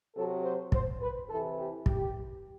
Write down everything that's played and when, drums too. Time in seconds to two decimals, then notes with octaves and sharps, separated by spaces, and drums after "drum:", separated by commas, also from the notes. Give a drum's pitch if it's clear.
0.15 C3 F#3 A4
0.43 C5
0.72 C5, drum: kick
1.00 B4
1.29 C3 E3 A4
1.57 G4
1.86 G4, drum: kick